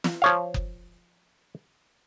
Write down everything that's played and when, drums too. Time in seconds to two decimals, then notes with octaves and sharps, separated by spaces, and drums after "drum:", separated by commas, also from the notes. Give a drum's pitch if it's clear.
0.04 drum: snare
0.22 F3 C#5 F5
0.54 drum: kick F#1